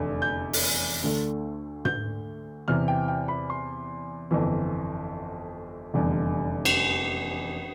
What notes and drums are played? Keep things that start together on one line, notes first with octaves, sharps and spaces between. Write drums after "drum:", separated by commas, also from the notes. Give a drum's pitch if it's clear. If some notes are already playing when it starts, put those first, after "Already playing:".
Already playing: F1 E2 D3 A3
G6
drum: open hi-hat
D2 D3 A3
G6, drum: tom
E2 C3 E3 F6
G5
G5
B5
C6
G1 F2 E3
F1 E2 D3 G3
drum: cymbal